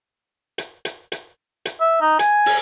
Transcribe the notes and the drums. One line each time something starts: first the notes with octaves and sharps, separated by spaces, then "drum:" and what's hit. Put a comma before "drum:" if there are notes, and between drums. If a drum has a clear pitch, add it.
drum: hi-hat
drum: hi-hat
drum: hi-hat
drum: hi-hat
E5
D#4
G#5, drum: hi-hat
drum: open hi-hat